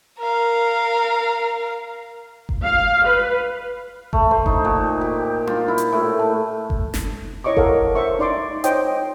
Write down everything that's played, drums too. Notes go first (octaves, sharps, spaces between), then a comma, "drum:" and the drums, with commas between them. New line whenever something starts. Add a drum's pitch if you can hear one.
A#4 F5
drum: kick F#1
F5
B4
A3, drum: kick F#1
C5
D#4, drum: kick F#1
A#2
G4
F4, drum: tom D4
E4
drum: hi-hat
A2
A5
drum: kick F#1
drum: snare
E4 C#5 D#5 C#6 D6
A4 A#4 F5 F#5, drum: kick F#1
C5 E5 C#6
D#4 D5 C6 D6
D#4 C5 C#5 D#5 G5 D#6, drum: hi-hat